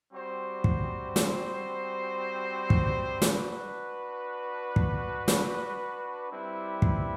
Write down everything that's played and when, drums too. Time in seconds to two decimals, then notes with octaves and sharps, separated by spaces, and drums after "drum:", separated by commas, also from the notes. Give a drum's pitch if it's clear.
0.13 G3 C4 F#4 C5
0.64 drum: kick
1.16 drum: snare
2.70 drum: kick
3.22 D4 F#4 B4, drum: snare
4.76 drum: kick
5.28 drum: snare
6.31 G3 C4 E4 B4
6.82 drum: kick